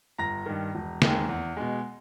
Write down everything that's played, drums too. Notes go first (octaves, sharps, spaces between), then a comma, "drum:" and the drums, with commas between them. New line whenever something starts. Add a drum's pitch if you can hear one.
G1 A#5 A#6
G2 D#3
E1
D#2 D#3 G#3, drum: snare
E2
B2 G#3